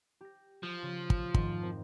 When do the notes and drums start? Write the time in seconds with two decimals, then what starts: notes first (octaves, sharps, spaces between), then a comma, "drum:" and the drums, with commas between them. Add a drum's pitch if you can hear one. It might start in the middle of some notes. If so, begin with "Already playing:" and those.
0.21 G4 A#6
0.63 F3
0.83 C#3
1.10 drum: kick
1.34 F2 G#2 D#3, drum: kick
1.62 C4 A#4